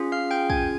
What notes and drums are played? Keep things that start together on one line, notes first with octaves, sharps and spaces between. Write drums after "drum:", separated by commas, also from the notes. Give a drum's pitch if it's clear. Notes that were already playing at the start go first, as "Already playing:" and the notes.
Already playing: C#4 F4 G#4
F5 F6
G5 G6
G#5 G#6, drum: kick